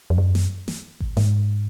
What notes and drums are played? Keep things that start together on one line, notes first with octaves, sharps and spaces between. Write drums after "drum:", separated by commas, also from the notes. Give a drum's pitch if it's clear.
F2
F#2
drum: snare
drum: snare
drum: kick G#1
G#2, drum: snare